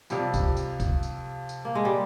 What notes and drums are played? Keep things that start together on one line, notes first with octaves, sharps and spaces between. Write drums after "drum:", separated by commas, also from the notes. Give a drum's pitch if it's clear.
F2 C3 F3 G3, drum: tambourine
drum: kick C2, tambourine
drum: tambourine
drum: kick C2, tambourine
drum: tambourine
drum: tambourine
A#3
G#3
G3